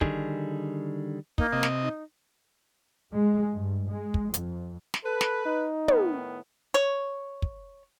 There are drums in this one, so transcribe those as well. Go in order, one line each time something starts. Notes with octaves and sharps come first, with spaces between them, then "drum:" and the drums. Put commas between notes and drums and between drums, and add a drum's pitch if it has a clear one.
D3 D#3 G3 G#4, drum: kick
A#3 D#4, drum: kick
C3 D#5
drum: snare
D#4
G#3
G2
G#3
drum: kick
F2, drum: hi-hat
drum: snare
A4 B4
drum: snare
D#4
A2 D#3 B3, drum: tom
C#5
drum: kick